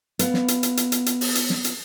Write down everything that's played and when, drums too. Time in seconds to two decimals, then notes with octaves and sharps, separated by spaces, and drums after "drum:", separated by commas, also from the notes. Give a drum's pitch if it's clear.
0.19 B3 F5, drum: hi-hat
0.34 drum: snare
0.48 drum: hi-hat
0.63 drum: hi-hat
0.77 drum: hi-hat
0.92 drum: hi-hat
1.06 drum: hi-hat
1.21 drum: open hi-hat
1.35 drum: hi-hat
1.50 drum: snare
1.64 drum: hi-hat